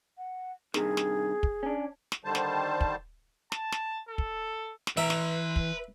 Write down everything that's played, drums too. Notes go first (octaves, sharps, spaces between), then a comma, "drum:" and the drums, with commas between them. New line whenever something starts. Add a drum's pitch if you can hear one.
F#5
G2 C3 D#3 G#4, drum: snare
drum: snare
drum: kick
C#4 D4
drum: snare
D3 D#3 G3 C5 A5
drum: snare
drum: kick
A5, drum: snare
drum: snare
A4
drum: kick
drum: snare
E3 B4 E5 A#5
drum: snare
drum: kick